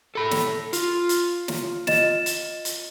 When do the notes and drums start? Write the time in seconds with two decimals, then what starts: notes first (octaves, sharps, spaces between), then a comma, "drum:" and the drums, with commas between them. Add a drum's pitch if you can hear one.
0.15 A4 B5
0.31 drum: snare
0.73 F4, drum: hi-hat
1.09 drum: hi-hat
1.48 drum: snare
1.87 D#5 A6 E7, drum: snare
2.26 drum: hi-hat
2.65 drum: hi-hat